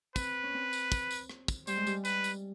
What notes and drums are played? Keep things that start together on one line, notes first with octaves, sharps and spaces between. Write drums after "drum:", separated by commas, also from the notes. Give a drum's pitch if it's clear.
C4 B4, drum: kick, tambourine
C#4
C4
drum: tambourine
drum: kick, tambourine
drum: tambourine
drum: rim click
drum: kick, tambourine
G3 C5, drum: tambourine
G#3
G3, drum: tambourine
B4, drum: tambourine
drum: tambourine